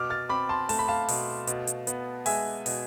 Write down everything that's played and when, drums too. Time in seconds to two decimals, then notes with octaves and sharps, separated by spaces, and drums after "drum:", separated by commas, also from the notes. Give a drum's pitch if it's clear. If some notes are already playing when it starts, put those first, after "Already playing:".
Already playing: B2 D6 F6
0.10 F6 A6
0.29 C4 B5 D6
0.49 A5 C6
0.69 A3 A5, drum: open hi-hat
0.79 B5
0.88 F5 A5
1.08 B2, drum: open hi-hat
1.47 B2, drum: hi-hat
1.67 drum: hi-hat
1.87 B3, drum: hi-hat
2.26 G#3 E5 G#5, drum: open hi-hat
2.66 B2, drum: open hi-hat